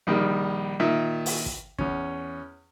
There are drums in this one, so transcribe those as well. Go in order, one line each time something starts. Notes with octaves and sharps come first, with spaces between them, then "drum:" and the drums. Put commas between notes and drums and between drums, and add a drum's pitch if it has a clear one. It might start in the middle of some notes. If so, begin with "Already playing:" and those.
A#1 D#3 G3
A#2 D#3 E5
drum: open hi-hat
drum: kick
E2 C#4, drum: kick